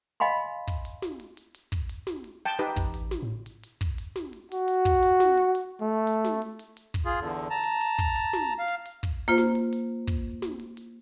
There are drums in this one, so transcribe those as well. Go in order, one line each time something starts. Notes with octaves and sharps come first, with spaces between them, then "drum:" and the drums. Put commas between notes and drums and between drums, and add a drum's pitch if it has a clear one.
D#5 F5 G#5 B5 C6
drum: kick, hi-hat
drum: hi-hat
drum: snare
drum: open hi-hat
drum: hi-hat
drum: hi-hat
drum: kick, hi-hat
drum: hi-hat
drum: snare
drum: open hi-hat
G5 A5
D#4 G4 B4, drum: hi-hat
A1, drum: kick, hi-hat
drum: hi-hat
drum: snare
A2
drum: hi-hat
drum: hi-hat
drum: kick, hi-hat
drum: hi-hat
drum: snare
drum: open hi-hat
F#4, drum: hi-hat
drum: hi-hat
drum: kick
drum: hi-hat
drum: snare
drum: open hi-hat
drum: hi-hat
A3
drum: hi-hat
drum: snare
drum: open hi-hat
drum: hi-hat
drum: hi-hat
drum: kick, hi-hat
F4 G#4
E2 D3
A5 A#5
drum: hi-hat
drum: hi-hat
drum: kick, hi-hat
drum: hi-hat
drum: snare
F5
drum: hi-hat
drum: hi-hat
drum: kick, hi-hat
A#3 F4 C5
drum: snare
drum: open hi-hat
drum: hi-hat
drum: kick, hi-hat
drum: snare
drum: open hi-hat
drum: hi-hat